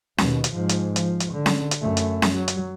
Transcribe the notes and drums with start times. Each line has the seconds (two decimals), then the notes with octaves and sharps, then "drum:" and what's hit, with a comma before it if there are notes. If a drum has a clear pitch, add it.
0.18 D#2 B2, drum: snare C#4
0.44 drum: hi-hat
0.53 G#2 F3
0.69 drum: hi-hat
0.96 F3, drum: hi-hat
1.20 drum: hi-hat
1.33 D3
1.46 drum: snare C#4
1.71 drum: hi-hat
1.80 F#2 A3
1.97 drum: hi-hat
2.22 drum: snare C#4
2.34 F#3
2.48 drum: hi-hat